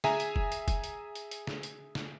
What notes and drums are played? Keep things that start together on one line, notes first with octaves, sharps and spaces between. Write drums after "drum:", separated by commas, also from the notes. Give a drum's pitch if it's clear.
G#4 E5 G#5 A#5, drum: snare
drum: hi-hat
drum: kick
drum: hi-hat
drum: kick, hi-hat
drum: hi-hat
drum: hi-hat
drum: hi-hat
drum: snare
drum: hi-hat
drum: snare